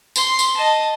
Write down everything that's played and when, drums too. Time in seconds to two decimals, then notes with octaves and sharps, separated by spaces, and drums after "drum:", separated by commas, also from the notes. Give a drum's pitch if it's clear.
0.16 C6, drum: tambourine
0.39 drum: tambourine
0.57 D#5 A5